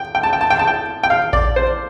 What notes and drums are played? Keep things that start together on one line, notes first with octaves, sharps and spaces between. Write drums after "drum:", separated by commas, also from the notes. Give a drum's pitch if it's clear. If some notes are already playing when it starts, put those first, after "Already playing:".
Already playing: G5
G5
A5
G5
A5
G5
A5
G5
G5
F5
D5, drum: kick A#1
C5